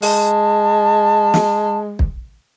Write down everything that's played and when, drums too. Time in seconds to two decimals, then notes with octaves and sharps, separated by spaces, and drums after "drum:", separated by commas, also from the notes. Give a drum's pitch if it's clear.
0.02 G#3 A5, drum: open hi-hat
1.34 drum: snare
1.99 drum: kick